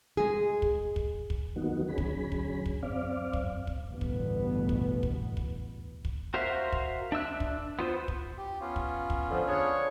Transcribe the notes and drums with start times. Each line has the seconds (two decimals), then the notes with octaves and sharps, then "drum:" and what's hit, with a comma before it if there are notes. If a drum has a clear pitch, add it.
0.17 G#3 G#4
0.62 drum: kick
0.96 drum: kick
1.30 drum: kick
1.56 D#3 F#3 A#3 B3 D#4 F#4
1.88 D3 F#3 C#4 G#4 B5
1.98 drum: kick
2.32 drum: kick
2.66 drum: kick
2.83 F#2 C4 D5 F5
3.33 drum: kick
3.67 drum: kick
3.88 A1 D2 G2 B2 B3
4.01 drum: kick
4.69 drum: kick
5.03 drum: kick
5.37 drum: kick
6.05 drum: kick
6.34 F#4 A#4 C5 E5 F5
6.72 drum: kick
7.12 D4 E5 E6 F#6
7.40 drum: kick
7.79 B3 F4 C5
8.08 drum: kick
8.38 G4
8.61 B3 C#4 F4
8.76 drum: kick
9.10 drum: kick
9.30 D3 F3
9.48 D4 G#4 C#5